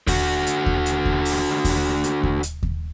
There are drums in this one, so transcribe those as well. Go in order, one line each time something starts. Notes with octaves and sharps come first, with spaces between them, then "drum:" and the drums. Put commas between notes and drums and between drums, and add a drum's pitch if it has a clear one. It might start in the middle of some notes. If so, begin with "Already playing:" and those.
D3 F#4, drum: kick D#2, open hi-hat
drum: hi-hat
drum: kick D#2
drum: hi-hat
drum: kick D#2
drum: open hi-hat
drum: kick D#2, open hi-hat
drum: hi-hat
drum: kick D#2
drum: hi-hat
drum: kick D#2